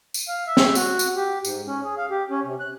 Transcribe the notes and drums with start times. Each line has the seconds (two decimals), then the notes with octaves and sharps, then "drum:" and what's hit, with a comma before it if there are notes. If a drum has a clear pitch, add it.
0.14 drum: tambourine
0.28 F5
0.47 E5
0.57 drum: snare
0.75 F#4, drum: tambourine
0.99 drum: tambourine
1.16 G4
1.45 G#2, drum: tambourine
1.67 C#4
1.84 G#4
1.97 F5
2.10 G4
2.30 C#4
2.44 C3
2.60 F#6